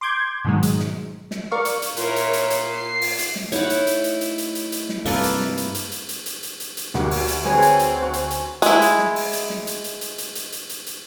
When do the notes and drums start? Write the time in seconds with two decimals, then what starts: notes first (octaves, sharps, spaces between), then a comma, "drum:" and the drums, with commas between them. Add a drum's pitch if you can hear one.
0.01 C6 D6 G6 G#6
0.45 G#2 B2 D#3 F#3 G#3
0.63 drum: hi-hat
0.80 drum: snare
1.31 drum: snare
1.51 A#4 D5 F5 C#6
1.65 drum: hi-hat
1.82 drum: hi-hat
1.97 A#2 E4 A#4 C#5, drum: hi-hat
2.16 drum: hi-hat
2.33 drum: hi-hat
2.50 drum: hi-hat
2.76 C7
3.01 drum: open hi-hat
3.19 drum: hi-hat
3.36 drum: snare
3.52 A3 D#4 E4 C#5 F#5, drum: hi-hat
3.70 drum: hi-hat
3.87 drum: hi-hat
4.04 drum: hi-hat
4.21 drum: hi-hat
4.38 drum: hi-hat
4.55 drum: hi-hat
4.72 drum: hi-hat
4.89 drum: snare
5.05 G2 C3 A#3 A4 B4, drum: open hi-hat
5.23 drum: hi-hat
5.40 drum: snare
5.57 drum: hi-hat
5.75 drum: hi-hat
5.92 drum: hi-hat
6.09 drum: hi-hat
6.26 drum: hi-hat
6.43 drum: hi-hat
6.60 drum: hi-hat
6.77 drum: hi-hat
6.94 D2 A#3 F#4 G4, drum: snare
7.11 drum: open hi-hat
7.28 drum: hi-hat
7.45 C4 G#4 B4 C#5 G#5, drum: snare
7.62 drum: hi-hat
7.79 drum: hi-hat
8.02 F#4
8.13 drum: hi-hat
8.30 drum: hi-hat
8.62 G#3 E4, drum: hi-hat
8.82 drum: hi-hat
8.99 drum: snare
9.16 drum: open hi-hat
9.33 drum: hi-hat
9.50 drum: snare
9.67 drum: hi-hat
9.84 drum: hi-hat
10.01 drum: hi-hat
10.18 drum: hi-hat
10.35 drum: hi-hat
10.52 drum: hi-hat
10.69 drum: hi-hat
10.86 drum: hi-hat